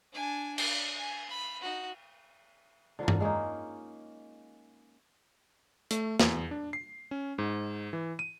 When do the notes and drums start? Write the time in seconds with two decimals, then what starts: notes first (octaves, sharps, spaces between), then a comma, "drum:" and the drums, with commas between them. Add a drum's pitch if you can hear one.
0.13 D4 G#5
0.58 D5, drum: cymbal
0.97 G#5
1.29 B5
1.61 D#4 F#4
2.99 D3 F3 A#3 F4
3.08 drum: tom G2
3.20 G#3 A#3 C#4 D#4
5.91 A3, drum: hi-hat
6.20 E2, drum: snare
6.51 D4
6.73 C7
7.11 C#4
7.38 G#2
7.93 E3
8.19 D#7